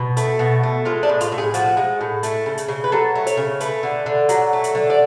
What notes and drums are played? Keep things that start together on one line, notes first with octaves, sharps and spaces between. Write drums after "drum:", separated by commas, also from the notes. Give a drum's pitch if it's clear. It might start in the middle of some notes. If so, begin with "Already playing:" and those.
Already playing: B2
A3, drum: hi-hat
B2
A3
G#3 F4
D4
A2
F4, drum: hi-hat
A2
G#4
F3 F#4, drum: hi-hat
G#3
A2
A3, drum: hi-hat
C#3
drum: hi-hat
C#3
B4
F#3 A4
A3
C#5, drum: hi-hat
C#3
A3 B4, drum: hi-hat
D3
D3
F#3, drum: hi-hat
A3
drum: hi-hat
D3
D5